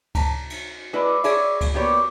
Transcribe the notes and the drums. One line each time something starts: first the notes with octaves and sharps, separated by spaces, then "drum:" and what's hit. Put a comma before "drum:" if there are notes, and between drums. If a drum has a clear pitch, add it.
A#5, drum: kick C#2, cymbal
drum: cymbal
G#3 E4 B4 D5
G#4 C#5 D5 E5, drum: cymbal
drum: kick C#2, cymbal
A#3 B3 G4 C#5 D5